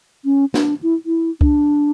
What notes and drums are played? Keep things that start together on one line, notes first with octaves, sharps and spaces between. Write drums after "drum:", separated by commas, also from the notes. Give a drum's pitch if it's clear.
C#4
D4, drum: snare
E4
E4
D4, drum: kick